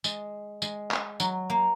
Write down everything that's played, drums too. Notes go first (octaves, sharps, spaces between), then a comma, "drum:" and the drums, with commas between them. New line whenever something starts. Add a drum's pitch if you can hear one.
G#3, drum: tambourine
G#3, drum: tambourine
drum: clap
F#3, drum: tambourine
A#3